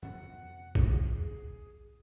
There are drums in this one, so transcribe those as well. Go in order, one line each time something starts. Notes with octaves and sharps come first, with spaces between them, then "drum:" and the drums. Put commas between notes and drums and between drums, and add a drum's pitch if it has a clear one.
F2 C3 B3 F#5
G#4, drum: kick A#1